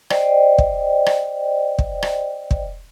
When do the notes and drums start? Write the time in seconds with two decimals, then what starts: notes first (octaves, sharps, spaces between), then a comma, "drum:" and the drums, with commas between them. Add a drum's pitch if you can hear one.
0.10 C5 D5 D#5 G5, drum: rim click
0.58 drum: kick
1.06 drum: rim click
1.79 drum: kick
2.03 drum: rim click
2.51 drum: kick